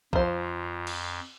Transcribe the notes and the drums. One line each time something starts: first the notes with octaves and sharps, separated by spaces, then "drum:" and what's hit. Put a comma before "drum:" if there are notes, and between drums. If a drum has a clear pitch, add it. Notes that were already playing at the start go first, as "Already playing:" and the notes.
F2 F3 C5, drum: kick B1
drum: cymbal